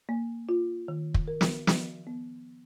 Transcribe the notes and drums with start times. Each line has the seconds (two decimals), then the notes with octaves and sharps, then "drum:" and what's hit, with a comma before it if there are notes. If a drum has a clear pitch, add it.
0.09 A#3
0.49 F4
0.88 D#3
1.14 drum: kick
1.28 A#4
1.41 drum: snare
1.67 F3, drum: snare
2.07 B3